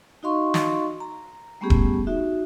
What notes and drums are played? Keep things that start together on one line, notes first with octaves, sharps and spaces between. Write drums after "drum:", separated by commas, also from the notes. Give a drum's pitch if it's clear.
D#4 F#4 D#5 F5 C6 C#6
drum: snare
A#5
G3 A3 B3 C#4 G4 G#4
drum: kick D#1
D#4 F#4 E5